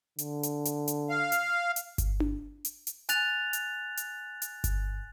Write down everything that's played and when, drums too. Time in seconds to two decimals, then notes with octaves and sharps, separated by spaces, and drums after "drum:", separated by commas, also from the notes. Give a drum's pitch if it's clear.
0.19 D3, drum: hi-hat
0.43 drum: hi-hat
0.65 drum: hi-hat
0.88 drum: hi-hat
1.10 F5
1.32 drum: hi-hat
1.76 drum: hi-hat
1.98 drum: kick G1, hi-hat
2.20 drum: tom D4
2.65 drum: hi-hat
2.87 drum: hi-hat
3.09 G#5 F#6 A6 F7, drum: hi-hat
3.53 drum: hi-hat
3.97 drum: hi-hat
4.42 drum: hi-hat
4.64 drum: kick G1, hi-hat